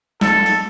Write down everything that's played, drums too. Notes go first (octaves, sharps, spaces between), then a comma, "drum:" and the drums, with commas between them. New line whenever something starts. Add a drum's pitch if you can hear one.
A4, drum: snare
drum: open hi-hat